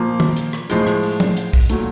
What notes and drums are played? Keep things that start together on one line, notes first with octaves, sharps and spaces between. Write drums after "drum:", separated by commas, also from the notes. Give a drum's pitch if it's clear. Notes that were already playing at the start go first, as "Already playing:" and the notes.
Already playing: A#2 F3 A#3
drum: tom
drum: hi-hat
drum: rim click
A2 F3 G#3, drum: hi-hat
drum: rim click
drum: open hi-hat
drum: tom
drum: hi-hat
drum: kick, open hi-hat
A#2 F#3 A3, drum: hi-hat